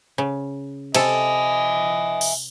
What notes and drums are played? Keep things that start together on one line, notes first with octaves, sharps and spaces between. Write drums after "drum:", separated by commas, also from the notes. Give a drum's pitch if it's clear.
C#3
C3 A4 D#5 E5 G#5, drum: cymbal
drum: open hi-hat